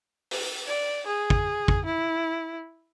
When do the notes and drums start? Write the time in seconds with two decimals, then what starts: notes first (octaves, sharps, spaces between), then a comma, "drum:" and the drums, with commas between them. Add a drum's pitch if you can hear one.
0.31 drum: open hi-hat
0.67 D5
1.07 G#4
1.30 drum: kick
1.68 drum: kick
1.85 E4